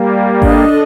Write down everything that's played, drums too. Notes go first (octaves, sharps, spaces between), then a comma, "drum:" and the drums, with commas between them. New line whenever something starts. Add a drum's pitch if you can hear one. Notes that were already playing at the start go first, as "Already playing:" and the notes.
Already playing: G3 A#3
D4 A4 D#5, drum: kick G#1